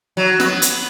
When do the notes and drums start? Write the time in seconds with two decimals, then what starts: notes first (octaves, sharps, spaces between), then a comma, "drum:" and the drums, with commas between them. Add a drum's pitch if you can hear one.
0.17 F#3
0.40 B3, drum: snare
0.62 drum: hi-hat